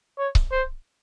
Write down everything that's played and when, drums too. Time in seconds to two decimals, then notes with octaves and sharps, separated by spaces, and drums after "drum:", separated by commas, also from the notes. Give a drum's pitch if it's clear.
0.18 C#5
0.35 drum: kick C#1
0.52 C5